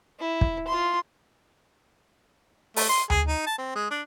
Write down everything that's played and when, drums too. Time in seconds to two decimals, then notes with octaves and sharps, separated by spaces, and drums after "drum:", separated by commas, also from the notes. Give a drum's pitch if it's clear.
0.19 E4
0.41 drum: kick
0.68 F4 C6
2.76 A3, drum: open hi-hat
2.89 C6
3.10 G#4, drum: tom D2
3.27 D#4
3.46 A5
3.58 C4
3.75 G#3
3.91 D4